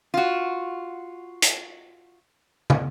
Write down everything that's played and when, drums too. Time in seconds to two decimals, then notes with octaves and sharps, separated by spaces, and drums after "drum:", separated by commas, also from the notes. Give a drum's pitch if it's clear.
0.14 F4 F#4
1.42 drum: hi-hat
2.70 drum: tom